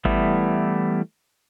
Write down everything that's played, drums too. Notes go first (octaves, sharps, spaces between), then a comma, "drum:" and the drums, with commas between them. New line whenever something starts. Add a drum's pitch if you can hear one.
E3 G3 A3 B3 E4, drum: kick G#1